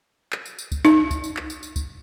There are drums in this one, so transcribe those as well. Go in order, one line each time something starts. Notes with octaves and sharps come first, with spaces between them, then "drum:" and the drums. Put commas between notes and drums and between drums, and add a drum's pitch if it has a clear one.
drum: clap
drum: tambourine
drum: tambourine
drum: kick C2, tambourine
D#4, drum: tambourine
drum: kick C2, tambourine
drum: tambourine
drum: clap
drum: tambourine
drum: tambourine
drum: kick C2, tambourine